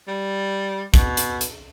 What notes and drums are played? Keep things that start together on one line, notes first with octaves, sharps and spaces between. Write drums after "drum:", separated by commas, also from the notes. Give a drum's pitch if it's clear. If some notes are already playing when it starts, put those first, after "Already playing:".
G3
B2, drum: kick, hi-hat
drum: hi-hat
drum: hi-hat